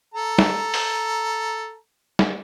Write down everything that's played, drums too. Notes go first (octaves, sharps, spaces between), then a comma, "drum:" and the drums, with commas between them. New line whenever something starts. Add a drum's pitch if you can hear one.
A4 A#5
drum: snare
drum: open hi-hat
drum: snare